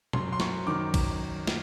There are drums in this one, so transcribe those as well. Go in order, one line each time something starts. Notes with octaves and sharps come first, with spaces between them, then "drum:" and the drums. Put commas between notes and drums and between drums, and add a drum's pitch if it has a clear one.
F#2 C6, drum: tom B2
C6
F#2 C#6, drum: snare
D#3 D6
drum: kick, cymbal
drum: snare